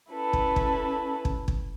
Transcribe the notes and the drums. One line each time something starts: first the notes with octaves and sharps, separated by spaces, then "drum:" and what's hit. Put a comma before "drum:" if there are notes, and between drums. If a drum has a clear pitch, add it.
C#4 E4 A4 B4
drum: kick
drum: kick
drum: kick
drum: kick